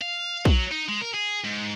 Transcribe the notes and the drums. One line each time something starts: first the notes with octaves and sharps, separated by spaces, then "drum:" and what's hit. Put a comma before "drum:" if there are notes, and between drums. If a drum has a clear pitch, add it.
F5
F#3, drum: kick
D#4
G#3
A#4
G#4
G#2